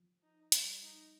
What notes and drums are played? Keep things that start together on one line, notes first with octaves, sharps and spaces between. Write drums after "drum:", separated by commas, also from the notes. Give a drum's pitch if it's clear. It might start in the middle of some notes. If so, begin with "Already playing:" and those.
Already playing: F3
D#4
G3, drum: hi-hat
D#4